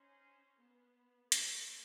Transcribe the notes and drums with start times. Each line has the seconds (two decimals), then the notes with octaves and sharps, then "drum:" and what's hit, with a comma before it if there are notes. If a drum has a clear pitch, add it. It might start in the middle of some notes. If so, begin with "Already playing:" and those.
Already playing: C#4 D#4 G#4 C5
0.60 B3
1.32 A#3 C4 F4 A4 C#5, drum: hi-hat